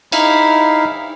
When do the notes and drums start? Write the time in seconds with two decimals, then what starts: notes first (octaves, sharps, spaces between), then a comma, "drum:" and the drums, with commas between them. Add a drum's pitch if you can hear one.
0.12 D#4 E4 E5 F5, drum: cymbal